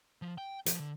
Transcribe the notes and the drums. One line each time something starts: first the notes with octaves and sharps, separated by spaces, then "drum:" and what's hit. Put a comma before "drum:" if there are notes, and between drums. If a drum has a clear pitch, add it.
F3
G5
F3, drum: hi-hat
D3